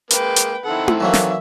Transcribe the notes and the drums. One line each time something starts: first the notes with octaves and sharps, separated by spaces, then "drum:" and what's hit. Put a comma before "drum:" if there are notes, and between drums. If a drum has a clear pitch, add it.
G#3 A#3 B4 G5, drum: hi-hat
drum: hi-hat
D#3 C4 E4 A4 F#5
drum: tom E4
E3 F#3 A#3 E5
drum: snare